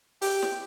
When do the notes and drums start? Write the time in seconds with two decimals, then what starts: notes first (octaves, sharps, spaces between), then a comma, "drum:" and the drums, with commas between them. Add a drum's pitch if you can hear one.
0.22 G4, drum: open hi-hat
0.42 drum: snare